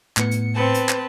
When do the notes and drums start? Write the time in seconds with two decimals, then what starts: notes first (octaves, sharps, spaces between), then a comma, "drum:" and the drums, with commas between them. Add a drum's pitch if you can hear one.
0.17 A2 B3 C#7, drum: clap
0.31 drum: hi-hat
0.55 C4 B4 A5
0.74 drum: hi-hat
0.89 drum: clap